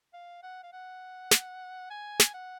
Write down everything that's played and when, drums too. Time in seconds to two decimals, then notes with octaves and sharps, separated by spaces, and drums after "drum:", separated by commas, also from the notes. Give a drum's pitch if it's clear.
0.13 F5
0.43 F#5
0.63 F5
0.73 F#5
1.31 drum: snare
1.90 G#5
2.20 drum: snare
2.34 F#5